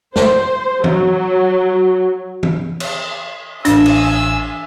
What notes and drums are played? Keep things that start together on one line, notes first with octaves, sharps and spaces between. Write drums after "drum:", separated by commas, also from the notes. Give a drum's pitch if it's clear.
C5, drum: snare
F#3, drum: tom
drum: tom
drum: cymbal
A1 D4 F5 G#5 E6 A6, drum: hi-hat
drum: cymbal